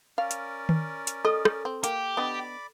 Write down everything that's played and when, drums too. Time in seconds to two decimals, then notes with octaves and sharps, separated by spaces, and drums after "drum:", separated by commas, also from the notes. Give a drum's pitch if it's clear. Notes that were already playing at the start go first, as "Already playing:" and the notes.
0.18 C#4 A#4 D5 F5
0.31 drum: hi-hat
0.69 drum: tom D#3
1.07 drum: hi-hat
1.25 A4 D#5
1.45 drum: rim click
1.65 C4
1.84 A#3 G4, drum: hi-hat
2.17 B3 D4 D5 D#5 B5 D6